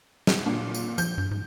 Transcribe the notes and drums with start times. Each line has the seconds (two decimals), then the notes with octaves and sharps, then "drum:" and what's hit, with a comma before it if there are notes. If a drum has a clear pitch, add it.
0.27 drum: snare
0.46 A#2 D4
0.74 drum: tambourine
0.98 F3 G6, drum: tambourine
1.18 G2
1.31 G#2